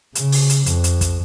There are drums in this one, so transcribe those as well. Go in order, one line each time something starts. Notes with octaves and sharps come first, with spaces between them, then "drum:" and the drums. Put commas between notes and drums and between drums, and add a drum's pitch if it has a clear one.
C#3, drum: hi-hat
drum: open hi-hat
drum: hi-hat
F2, drum: hi-hat
drum: hi-hat
drum: kick, hi-hat